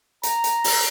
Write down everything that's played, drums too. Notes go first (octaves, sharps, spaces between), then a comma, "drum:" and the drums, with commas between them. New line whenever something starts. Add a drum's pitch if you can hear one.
A#5, drum: hi-hat
drum: hi-hat
drum: open hi-hat